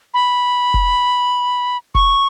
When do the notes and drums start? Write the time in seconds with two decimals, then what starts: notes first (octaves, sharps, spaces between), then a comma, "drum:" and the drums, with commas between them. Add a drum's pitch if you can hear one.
0.14 B5
0.74 drum: kick F1
1.95 C#6, drum: kick F1